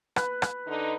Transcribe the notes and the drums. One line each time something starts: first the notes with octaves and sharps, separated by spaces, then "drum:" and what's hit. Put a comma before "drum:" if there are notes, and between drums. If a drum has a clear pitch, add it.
B4, drum: rim click
drum: rim click
D3 D#4